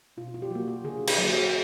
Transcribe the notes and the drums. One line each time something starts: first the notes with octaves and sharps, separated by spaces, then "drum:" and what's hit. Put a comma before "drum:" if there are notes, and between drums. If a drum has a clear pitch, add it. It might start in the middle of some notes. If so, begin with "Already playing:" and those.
B2 F4
F4
G4
F#3 A#3 F#4
G4
D3 G#4
G4, drum: cymbal
F#3 A#3
F#4